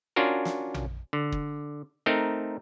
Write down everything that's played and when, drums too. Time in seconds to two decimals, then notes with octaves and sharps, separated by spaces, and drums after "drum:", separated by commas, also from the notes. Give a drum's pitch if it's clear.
0.16 C#4 D4 F4 F#4 A#4
0.45 drum: snare
0.74 drum: tom A#1
1.13 D3
1.32 drum: kick
2.06 A3 C4 D#4 A#4